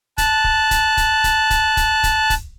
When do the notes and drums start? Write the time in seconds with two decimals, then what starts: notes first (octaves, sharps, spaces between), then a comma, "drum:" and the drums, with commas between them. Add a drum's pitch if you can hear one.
0.18 A5 F#6, drum: kick, hi-hat
0.44 drum: kick
0.71 drum: kick, hi-hat
0.97 drum: kick, hi-hat
1.24 drum: kick, hi-hat
1.50 drum: kick, hi-hat
1.77 drum: kick, hi-hat
2.03 drum: kick, hi-hat
2.30 drum: kick, hi-hat